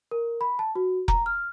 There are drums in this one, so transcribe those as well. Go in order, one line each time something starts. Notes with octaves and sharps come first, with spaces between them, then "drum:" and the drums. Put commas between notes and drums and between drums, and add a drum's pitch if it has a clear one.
A#4
B5
A5
F#4
A#5, drum: kick F1
F6